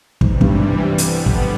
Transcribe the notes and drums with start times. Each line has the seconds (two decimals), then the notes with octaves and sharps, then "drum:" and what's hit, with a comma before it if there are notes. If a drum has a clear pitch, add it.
0.21 G#2 C3 E3 G3, drum: kick
0.41 G2, drum: kick
0.98 D3 G3 B3, drum: hi-hat
1.26 drum: kick